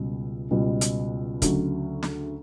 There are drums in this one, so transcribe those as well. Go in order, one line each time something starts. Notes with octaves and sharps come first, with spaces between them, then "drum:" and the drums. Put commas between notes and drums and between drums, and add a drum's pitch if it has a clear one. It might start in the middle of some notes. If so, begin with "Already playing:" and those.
Already playing: C#2 B2 G3
C#2 B2 G3
drum: hi-hat
D2 C#3 F#3, drum: kick, hi-hat
drum: snare